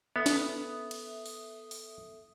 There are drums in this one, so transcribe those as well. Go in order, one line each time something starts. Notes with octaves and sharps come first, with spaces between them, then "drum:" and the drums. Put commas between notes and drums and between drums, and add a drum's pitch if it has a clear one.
B3 A4 E5 D#6
drum: snare
drum: cymbal
drum: open hi-hat
drum: open hi-hat